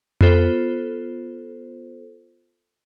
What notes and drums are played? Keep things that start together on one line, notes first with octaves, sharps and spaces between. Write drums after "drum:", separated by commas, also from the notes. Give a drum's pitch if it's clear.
B3 F4 A4 C5, drum: tom F2